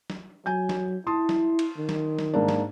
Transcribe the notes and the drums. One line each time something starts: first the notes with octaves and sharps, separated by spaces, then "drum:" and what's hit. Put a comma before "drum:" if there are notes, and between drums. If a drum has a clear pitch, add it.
drum: snare
F#3 G#5 G6
drum: snare
E4 A5 C6 D#6
drum: snare
drum: cymbal
D#3
drum: snare
drum: snare
G#2 A#3 D4
drum: snare